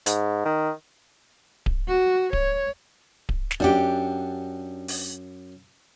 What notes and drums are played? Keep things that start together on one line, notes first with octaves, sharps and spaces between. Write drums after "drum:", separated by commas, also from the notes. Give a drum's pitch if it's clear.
G#2, drum: hi-hat
D#3
drum: kick D1
F#4
C#5, drum: kick D1
drum: kick D1
drum: snare
F#2 D4 G4 F#5 D6
drum: open hi-hat